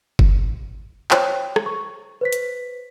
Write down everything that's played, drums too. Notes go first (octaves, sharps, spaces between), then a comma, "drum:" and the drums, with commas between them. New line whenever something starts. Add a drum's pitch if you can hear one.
drum: kick F#1
C5 C#5 G5, drum: clap
drum: rim click
C#6
B4 C5 B6
drum: hi-hat